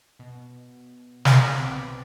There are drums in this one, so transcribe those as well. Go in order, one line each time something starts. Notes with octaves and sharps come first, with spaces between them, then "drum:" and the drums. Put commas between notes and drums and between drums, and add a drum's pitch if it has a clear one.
B2
drum: snare
B1 F#3 B3 C4 D5 B5